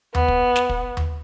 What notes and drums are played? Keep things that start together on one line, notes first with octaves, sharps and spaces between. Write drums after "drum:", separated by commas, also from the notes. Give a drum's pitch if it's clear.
B3, drum: tom D#2
drum: kick
drum: snare
drum: kick
drum: tom D#2